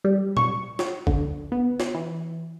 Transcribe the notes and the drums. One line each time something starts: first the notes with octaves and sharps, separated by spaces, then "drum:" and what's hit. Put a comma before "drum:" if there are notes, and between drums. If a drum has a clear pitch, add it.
G3
C#6, drum: tom
drum: snare
D3, drum: kick
B3
drum: snare
E3